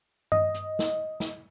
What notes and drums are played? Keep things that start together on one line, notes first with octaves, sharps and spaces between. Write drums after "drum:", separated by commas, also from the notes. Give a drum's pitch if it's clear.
D#5, drum: tom G2
drum: hi-hat
drum: snare
drum: snare